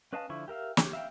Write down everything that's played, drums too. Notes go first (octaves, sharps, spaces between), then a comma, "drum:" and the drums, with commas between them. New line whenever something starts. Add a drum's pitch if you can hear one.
C#4 B4 D#5 F5 A5
D3 F3 E4 C#6
G4 A#4 E5 F5
G4 C#5, drum: snare
E5 F5 G5